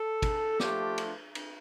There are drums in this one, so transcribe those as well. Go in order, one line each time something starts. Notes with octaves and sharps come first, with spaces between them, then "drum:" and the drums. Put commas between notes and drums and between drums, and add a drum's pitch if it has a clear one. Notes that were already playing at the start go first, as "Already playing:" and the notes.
Already playing: A4
drum: kick, cymbal
F3 A3 D4 F4 G4, drum: snare
drum: cymbal
drum: cymbal